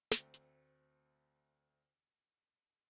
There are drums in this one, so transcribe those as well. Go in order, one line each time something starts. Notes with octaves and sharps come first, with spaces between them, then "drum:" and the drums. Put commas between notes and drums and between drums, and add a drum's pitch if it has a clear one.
D2 A3 C4, drum: snare
drum: hi-hat